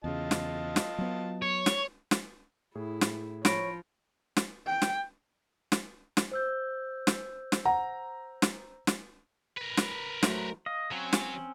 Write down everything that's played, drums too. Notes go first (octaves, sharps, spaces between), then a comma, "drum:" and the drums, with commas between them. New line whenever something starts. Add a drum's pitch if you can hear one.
E2 C#3 F4 D#5 A5
drum: snare
drum: snare
F#3 B3
C#5
drum: snare
drum: snare
A2 E4 G#4
drum: snare
F3 C#5 B5 A#6 D7, drum: snare
drum: snare
G5
drum: snare
drum: snare
drum: snare
C5 E6 G6
drum: snare
drum: snare
F#5 A#5
drum: snare
drum: snare
A#4 B4
drum: snare
F#3 A3 C5, drum: snare
D#5 F5
F#3 C4 C#4
drum: snare